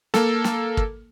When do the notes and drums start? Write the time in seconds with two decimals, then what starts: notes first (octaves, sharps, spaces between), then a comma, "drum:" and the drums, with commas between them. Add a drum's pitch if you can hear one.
0.14 A#3 A4, drum: snare
0.44 drum: snare
0.77 drum: kick